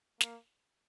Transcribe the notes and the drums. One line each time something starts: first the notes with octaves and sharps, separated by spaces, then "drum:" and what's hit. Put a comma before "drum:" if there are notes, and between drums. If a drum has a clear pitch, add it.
A#3, drum: snare